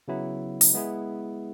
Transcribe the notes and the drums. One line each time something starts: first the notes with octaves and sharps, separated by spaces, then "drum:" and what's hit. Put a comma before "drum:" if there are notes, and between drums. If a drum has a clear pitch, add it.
C#3 F#3 B3 E4
drum: open hi-hat
G#3 B3 E4 G#4